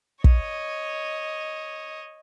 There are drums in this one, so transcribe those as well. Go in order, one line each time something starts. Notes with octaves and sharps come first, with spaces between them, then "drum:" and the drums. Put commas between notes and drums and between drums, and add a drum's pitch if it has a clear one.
C#5 D#5, drum: kick